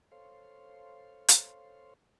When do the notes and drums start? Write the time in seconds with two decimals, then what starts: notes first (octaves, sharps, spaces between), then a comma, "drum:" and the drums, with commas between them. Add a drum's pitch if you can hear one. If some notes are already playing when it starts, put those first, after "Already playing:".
0.12 A4 C5 C#5 F5 C6
1.28 drum: hi-hat